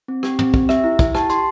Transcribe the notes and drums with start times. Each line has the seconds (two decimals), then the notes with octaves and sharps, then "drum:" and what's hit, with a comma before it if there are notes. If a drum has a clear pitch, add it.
0.08 C4
0.23 G4, drum: rim click
0.39 C4, drum: tom
0.54 G4, drum: kick
0.69 G4 E5, drum: rim click
0.84 E4
0.99 E4, drum: kick, hi-hat
1.15 G4 A5, drum: rim click
1.30 G4 C6, drum: hi-hat